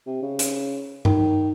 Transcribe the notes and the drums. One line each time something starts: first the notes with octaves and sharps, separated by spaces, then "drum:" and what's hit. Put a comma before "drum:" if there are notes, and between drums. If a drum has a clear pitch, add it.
C3
C#3
drum: hi-hat
D#3, drum: tom G2